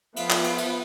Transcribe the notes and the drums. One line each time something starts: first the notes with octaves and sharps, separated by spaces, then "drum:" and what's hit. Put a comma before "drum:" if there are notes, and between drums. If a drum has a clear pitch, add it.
F3 B3 E5 F5, drum: cymbal
drum: clap
drum: cymbal
drum: cymbal